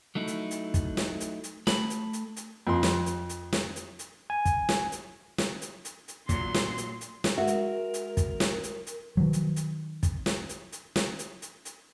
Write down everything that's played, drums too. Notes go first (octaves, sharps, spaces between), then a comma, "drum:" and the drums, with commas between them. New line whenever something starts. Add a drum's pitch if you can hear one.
F#3 A3 D#4 E4
drum: hi-hat
drum: hi-hat
drum: kick, hi-hat
drum: snare
drum: hi-hat
drum: hi-hat
A3 B5, drum: snare
drum: hi-hat
drum: hi-hat
drum: hi-hat
F2 C6
drum: snare
drum: hi-hat
drum: hi-hat
drum: snare
drum: hi-hat
drum: hi-hat
G#5
drum: kick, hi-hat
drum: snare
drum: hi-hat
drum: snare
drum: hi-hat
drum: hi-hat
drum: hi-hat
A#2 F#3 C6, drum: kick, hi-hat
drum: snare
drum: hi-hat
drum: hi-hat
drum: snare
G#3 F#4 A#4 E5
drum: hi-hat
drum: hi-hat
drum: kick, hi-hat
drum: snare
drum: hi-hat
drum: hi-hat
D#3 F#3
drum: hi-hat
drum: hi-hat
drum: kick, hi-hat
drum: snare
drum: hi-hat
drum: hi-hat
drum: snare
drum: hi-hat
drum: hi-hat
drum: hi-hat